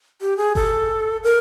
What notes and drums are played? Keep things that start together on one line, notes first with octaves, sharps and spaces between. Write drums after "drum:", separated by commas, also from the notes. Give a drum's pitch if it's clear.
G4
G#4
A4, drum: kick G1
A#4